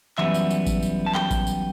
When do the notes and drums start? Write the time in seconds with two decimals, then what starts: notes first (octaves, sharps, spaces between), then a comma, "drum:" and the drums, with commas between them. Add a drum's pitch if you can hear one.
0.18 F#2 E3 G3 B3 E5, drum: clap
0.34 drum: tambourine
0.50 drum: tambourine
0.66 drum: kick A1, tambourine
0.83 drum: tambourine
1.06 A5
1.15 G5, drum: clap
1.31 drum: kick A1, tambourine
1.47 drum: tambourine